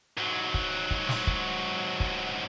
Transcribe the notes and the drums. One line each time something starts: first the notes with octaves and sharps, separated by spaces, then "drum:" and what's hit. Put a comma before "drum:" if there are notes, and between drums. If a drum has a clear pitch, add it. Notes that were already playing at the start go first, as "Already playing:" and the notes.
G#2 F#3
drum: kick
drum: kick
drum: snare
drum: kick
drum: kick